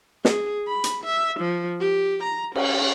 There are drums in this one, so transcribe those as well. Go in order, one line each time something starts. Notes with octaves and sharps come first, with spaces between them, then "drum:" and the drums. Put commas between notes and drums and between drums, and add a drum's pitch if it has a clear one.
G#4, drum: snare
B5
drum: hi-hat
E5
F3
G4
A#5
C#4, drum: cymbal